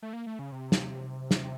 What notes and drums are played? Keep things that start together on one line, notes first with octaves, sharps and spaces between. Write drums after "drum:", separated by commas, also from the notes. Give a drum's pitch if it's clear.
A3
A#3
A3
C#3
C3
drum: snare
drum: snare